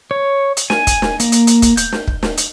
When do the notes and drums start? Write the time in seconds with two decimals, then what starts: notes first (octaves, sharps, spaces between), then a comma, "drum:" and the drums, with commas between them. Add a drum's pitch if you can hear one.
0.11 C#5
0.57 drum: hi-hat
0.70 G#5, drum: snare
0.87 drum: kick, hi-hat
1.02 drum: snare
1.20 A#3, drum: hi-hat
1.32 drum: hi-hat
1.47 drum: hi-hat
1.62 drum: kick, hi-hat
1.77 G6, drum: hi-hat
1.92 drum: snare
2.08 drum: kick
2.23 drum: snare
2.38 drum: hi-hat